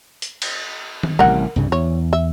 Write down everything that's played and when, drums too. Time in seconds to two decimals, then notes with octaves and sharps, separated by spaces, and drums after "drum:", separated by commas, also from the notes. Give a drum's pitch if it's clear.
0.22 drum: hi-hat
0.42 drum: cymbal
1.03 drum: tom D#3
1.19 A1 C3 G3 A#4 F#5
1.56 C2 G2 C#3
1.72 E2 C#5
2.13 E5